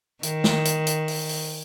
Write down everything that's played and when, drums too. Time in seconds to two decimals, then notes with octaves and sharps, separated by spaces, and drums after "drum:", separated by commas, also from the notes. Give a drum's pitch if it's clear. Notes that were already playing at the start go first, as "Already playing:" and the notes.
0.23 D#3, drum: hi-hat
0.44 drum: snare
0.65 drum: hi-hat
0.87 drum: hi-hat
1.08 drum: open hi-hat
1.29 drum: open hi-hat